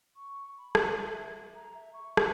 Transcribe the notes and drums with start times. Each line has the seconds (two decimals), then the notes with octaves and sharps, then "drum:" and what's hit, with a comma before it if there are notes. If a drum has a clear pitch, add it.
0.16 C#6
0.58 B5
0.75 A#4, drum: rim click
1.05 E5
1.55 A#5
1.74 E5
1.93 C#6
2.17 E5, drum: rim click